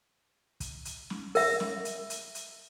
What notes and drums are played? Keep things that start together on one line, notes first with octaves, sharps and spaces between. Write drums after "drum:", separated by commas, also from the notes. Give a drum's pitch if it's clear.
drum: kick, hi-hat
drum: hi-hat
drum: snare
A#4 E5, drum: open hi-hat
drum: snare
drum: hi-hat
drum: hi-hat
drum: hi-hat